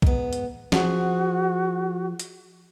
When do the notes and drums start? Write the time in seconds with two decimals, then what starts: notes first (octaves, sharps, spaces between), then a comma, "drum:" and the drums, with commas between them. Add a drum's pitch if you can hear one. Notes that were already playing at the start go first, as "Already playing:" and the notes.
0.02 G#2 B3, drum: kick B1
0.33 drum: hi-hat
0.72 F3 F#4 G#4 F#5 G#5, drum: snare
2.20 drum: hi-hat